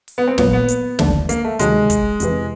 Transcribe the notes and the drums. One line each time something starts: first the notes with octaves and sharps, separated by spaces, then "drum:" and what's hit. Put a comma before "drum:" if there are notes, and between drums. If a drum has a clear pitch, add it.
drum: open hi-hat
B3
C4
A#2 F#3 A#3 B3, drum: snare
B3
drum: hi-hat
D#2 D3 F3 A3 D4, drum: snare
A#3, drum: hi-hat
A3
D2 C3 D#3 F#3 G#3, drum: hi-hat
drum: kick, hi-hat
F2 C3 E3, drum: hi-hat